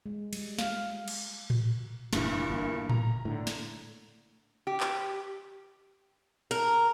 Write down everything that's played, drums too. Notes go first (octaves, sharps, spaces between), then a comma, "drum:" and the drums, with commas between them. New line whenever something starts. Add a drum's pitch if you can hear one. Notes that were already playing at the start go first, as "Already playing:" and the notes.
G#3
G3, drum: cymbal
F5, drum: snare
drum: cymbal
drum: tom A2
F1 G2 A#2 E3, drum: snare
G1 A#3
A#5, drum: tom A2
A2 D3
drum: snare
G4
drum: clap
A#4, drum: hi-hat